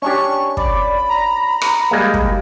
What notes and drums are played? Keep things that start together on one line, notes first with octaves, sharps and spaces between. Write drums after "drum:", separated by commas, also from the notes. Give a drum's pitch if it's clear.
C#4 D4 G4 C#6
D5 B5, drum: kick
A#5
drum: rim click
G3 G#3 A#3
drum: kick